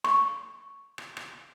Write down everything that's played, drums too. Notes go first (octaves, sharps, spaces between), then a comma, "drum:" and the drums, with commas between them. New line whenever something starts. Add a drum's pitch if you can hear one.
C#6, drum: rim click
drum: rim click
drum: rim click